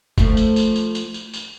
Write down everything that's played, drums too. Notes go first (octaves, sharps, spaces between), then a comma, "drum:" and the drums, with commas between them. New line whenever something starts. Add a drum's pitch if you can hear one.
F3 A3 E4, drum: kick F#1, tambourine
drum: tambourine
drum: tambourine
drum: tambourine
drum: tambourine
drum: tambourine
drum: tambourine